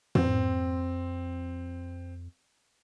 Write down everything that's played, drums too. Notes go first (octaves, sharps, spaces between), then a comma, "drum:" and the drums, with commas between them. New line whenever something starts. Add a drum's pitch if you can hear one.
F2 C4, drum: tom